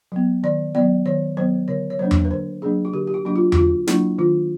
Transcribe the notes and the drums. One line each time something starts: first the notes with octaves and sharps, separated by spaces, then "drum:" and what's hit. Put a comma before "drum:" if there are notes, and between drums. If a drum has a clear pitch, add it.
F#3 B3
D#3 D5
F#3 B3 D5
D#3 C#5
F#3 B3 C5
D3 C#5
C#5
F#3 A#3 D4 C5
drum: tom E2
B4
D3 C5
F#3 A#3 D4 G#4
F#4
D3 G4
G4
F#4
F#3 A#3 D4 F#4
F4
F#4, drum: tom E2
D3 F4
F#3 A#3 D4 E4, drum: snare
D#3 F4